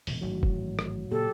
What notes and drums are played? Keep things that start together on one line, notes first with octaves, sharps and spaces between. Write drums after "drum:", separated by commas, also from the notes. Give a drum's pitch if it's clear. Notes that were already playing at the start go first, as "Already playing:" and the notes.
E1 A#2 C#3, drum: open hi-hat
A1 G#2 D#3 F#3
drum: kick
drum: rim click
A#2 C#3 A#3 G4 A4